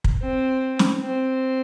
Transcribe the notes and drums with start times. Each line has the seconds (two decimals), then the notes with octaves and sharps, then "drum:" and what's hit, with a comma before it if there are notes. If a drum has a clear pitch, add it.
0.04 drum: kick
0.23 C4
0.79 drum: snare
1.02 C4